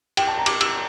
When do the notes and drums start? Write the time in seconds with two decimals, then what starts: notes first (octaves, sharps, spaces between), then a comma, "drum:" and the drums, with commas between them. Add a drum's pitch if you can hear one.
0.17 G5, drum: cymbal
0.27 A5
0.38 A#5
0.46 D6, drum: cymbal
0.61 E6, drum: cymbal